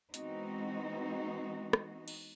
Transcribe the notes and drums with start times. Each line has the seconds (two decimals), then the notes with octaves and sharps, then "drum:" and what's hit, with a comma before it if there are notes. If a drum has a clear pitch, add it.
0.14 E3 G#3 B3 C4 D#4 F#4, drum: hi-hat
1.73 drum: rim click
2.08 drum: cymbal